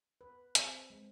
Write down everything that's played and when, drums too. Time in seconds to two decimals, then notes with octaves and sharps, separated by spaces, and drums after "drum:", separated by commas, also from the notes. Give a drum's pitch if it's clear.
0.21 B4
0.55 C4, drum: hi-hat
0.90 G#3